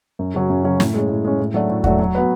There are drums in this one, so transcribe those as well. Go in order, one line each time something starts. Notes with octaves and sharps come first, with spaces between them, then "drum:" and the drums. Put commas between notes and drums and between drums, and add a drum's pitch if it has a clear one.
F#2
C#3 F#3 C#4
F#2
C#3 F#3 C#4
A2, drum: snare
G#3 C#4
A2
G#3 C#4
A2
F#3 A3 D4 F#4
A2
F#3 A3 D4 F#4, drum: kick E2
F#3
B3 F#4 B4